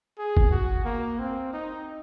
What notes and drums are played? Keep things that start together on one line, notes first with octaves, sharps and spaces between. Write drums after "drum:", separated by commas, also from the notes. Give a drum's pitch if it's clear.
G#4
drum: kick
F#4
A#3
C4
D#4